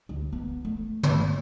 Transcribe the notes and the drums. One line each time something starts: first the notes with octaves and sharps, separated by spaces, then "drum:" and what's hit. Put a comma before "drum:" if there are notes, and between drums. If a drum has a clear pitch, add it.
D2
B3
A3
drum: tom